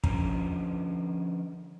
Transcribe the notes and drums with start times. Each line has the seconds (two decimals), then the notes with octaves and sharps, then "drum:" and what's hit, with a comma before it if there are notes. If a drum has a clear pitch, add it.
0.04 D3 F3 C#4 A#5, drum: kick